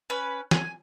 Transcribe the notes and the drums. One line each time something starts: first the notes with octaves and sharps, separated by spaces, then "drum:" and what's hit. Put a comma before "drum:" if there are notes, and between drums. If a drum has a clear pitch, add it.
C#4 B4
G#5, drum: snare